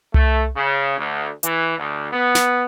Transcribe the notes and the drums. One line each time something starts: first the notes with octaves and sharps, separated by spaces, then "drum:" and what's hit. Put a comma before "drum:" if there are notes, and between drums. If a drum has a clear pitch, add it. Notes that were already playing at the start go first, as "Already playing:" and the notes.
A3, drum: tom C2
C#3
D2
E3, drum: hi-hat
D2
B3
drum: snare